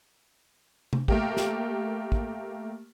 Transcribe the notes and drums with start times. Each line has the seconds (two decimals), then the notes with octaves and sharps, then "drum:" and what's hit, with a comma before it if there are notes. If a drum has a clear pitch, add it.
0.93 drum: tom C3
1.08 A3 A#3 G4, drum: kick
1.37 drum: snare
2.12 drum: kick